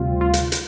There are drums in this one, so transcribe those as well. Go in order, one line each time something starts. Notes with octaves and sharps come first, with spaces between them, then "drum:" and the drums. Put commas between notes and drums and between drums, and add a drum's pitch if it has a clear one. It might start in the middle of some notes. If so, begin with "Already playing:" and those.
Already playing: D2 C3 G3 C4 F4
F4
drum: hi-hat
drum: hi-hat